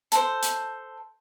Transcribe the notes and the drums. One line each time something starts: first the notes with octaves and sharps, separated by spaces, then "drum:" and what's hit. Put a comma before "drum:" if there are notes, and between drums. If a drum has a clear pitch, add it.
A4 C5, drum: hi-hat
drum: hi-hat